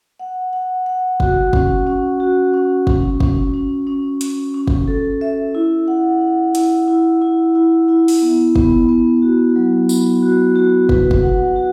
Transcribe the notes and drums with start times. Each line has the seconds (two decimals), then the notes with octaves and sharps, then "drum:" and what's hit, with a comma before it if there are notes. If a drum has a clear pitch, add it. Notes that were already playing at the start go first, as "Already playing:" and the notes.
0.19 F#5
0.53 F#5
0.86 F#5
1.20 F#4, drum: kick
1.53 C#4, drum: kick
1.87 C#4
2.20 F#4
2.54 C#4
2.87 C#4, drum: kick
3.20 C#4, drum: kick
3.54 C#4
3.87 C#4
4.21 C#4, drum: hi-hat
4.54 C#4
4.67 drum: kick
4.88 A4
5.21 E5
5.55 E4
5.88 F#5
6.21 F#5
6.55 E4, drum: hi-hat
6.88 E4
7.22 E4
7.55 E4
7.88 E4
8.08 drum: open hi-hat
8.22 B3
8.56 B3, drum: kick
8.89 B3
9.22 F#4
9.56 F#3
9.89 B3, drum: tambourine
10.23 F#4
10.56 F#4
10.89 B4, drum: kick
11.11 drum: kick
11.23 F#5
11.56 F#4